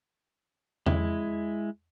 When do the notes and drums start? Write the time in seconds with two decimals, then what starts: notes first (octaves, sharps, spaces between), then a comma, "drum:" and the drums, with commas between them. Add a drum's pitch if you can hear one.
0.86 G#3 E4, drum: tom E2